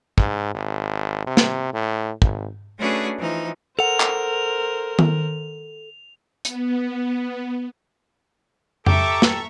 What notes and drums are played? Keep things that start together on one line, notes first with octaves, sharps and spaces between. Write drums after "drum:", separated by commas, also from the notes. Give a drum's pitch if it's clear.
G#2, drum: kick
G#1
C3
drum: snare
A2
G#1, drum: kick
A3 C#4 D4 F#4 G#4 B4
E3 F3 D#4
A4 A#4 C5 F#5 F7
drum: clap
drum: tom D#3
B3, drum: hi-hat
G4 A4 E5 A#5 C#6 D6, drum: tom F2
drum: snare